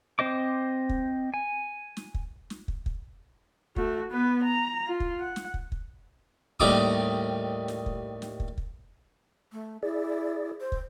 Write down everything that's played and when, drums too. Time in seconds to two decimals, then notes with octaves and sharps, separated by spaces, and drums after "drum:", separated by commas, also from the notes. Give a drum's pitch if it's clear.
0.19 C4 C5 D#5 D6
0.89 drum: kick
1.34 G#5
1.97 drum: snare
2.14 drum: kick
2.50 drum: snare
2.68 drum: kick
2.86 drum: kick
3.76 A3 F#4, drum: kick
4.11 B3 B4
4.44 A#5
4.87 F4
5.00 drum: kick
5.20 F#5
5.36 drum: snare
5.54 drum: kick
5.72 drum: kick
6.60 D#2 A2 G3 D#4 D6 D#6, drum: kick
7.68 drum: snare
7.86 drum: kick
8.22 drum: snare
8.40 drum: kick
8.58 drum: kick
9.52 A3
9.83 E4 G#4 D5
10.60 C5
10.72 drum: kick